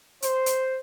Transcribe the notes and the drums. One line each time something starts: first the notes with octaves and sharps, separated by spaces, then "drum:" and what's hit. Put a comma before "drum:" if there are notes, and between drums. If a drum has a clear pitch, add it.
C5, drum: hi-hat
drum: hi-hat